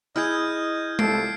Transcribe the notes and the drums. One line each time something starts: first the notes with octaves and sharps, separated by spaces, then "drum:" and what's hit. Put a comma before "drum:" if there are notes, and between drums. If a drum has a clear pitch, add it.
E4 G#4 D#5 F6 G6 G#6
C2 F4 A4 C7 D7, drum: tom G#3